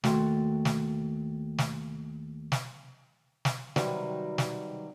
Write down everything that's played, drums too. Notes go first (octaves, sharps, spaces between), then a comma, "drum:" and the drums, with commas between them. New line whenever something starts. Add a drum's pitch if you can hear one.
D#2 A3 F#4 A4 G5 C6, drum: snare
drum: snare
drum: snare
drum: snare
drum: snare
C3 D#3 F#3 G3 F#4 B4, drum: snare
drum: snare